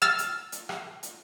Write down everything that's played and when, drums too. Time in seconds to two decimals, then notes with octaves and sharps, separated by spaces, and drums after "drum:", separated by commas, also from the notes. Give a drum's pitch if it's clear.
0.02 E6 F6 A6, drum: rim click
0.18 drum: hi-hat
0.52 drum: hi-hat
0.69 drum: rim click
1.03 drum: hi-hat